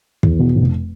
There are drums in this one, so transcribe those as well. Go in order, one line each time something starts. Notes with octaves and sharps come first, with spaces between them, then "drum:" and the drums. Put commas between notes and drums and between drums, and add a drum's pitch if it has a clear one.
E2, drum: kick
B2
F1